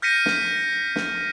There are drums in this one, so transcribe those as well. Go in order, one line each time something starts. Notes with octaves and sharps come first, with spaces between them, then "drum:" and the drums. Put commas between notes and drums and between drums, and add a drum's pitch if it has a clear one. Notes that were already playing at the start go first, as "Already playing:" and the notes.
F6 G6 A#6 B6 C#7 D#7
drum: snare
drum: snare